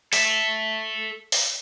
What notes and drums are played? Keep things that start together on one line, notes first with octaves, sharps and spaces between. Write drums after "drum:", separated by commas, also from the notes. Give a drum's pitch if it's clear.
A4 E5, drum: open hi-hat
drum: open hi-hat